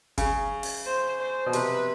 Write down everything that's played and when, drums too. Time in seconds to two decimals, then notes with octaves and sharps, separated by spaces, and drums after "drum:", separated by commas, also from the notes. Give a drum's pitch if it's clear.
0.18 C#3, drum: kick F#1, hi-hat
0.63 drum: open hi-hat
0.86 C5
1.20 C5
1.46 B2
1.53 C3 B4, drum: hi-hat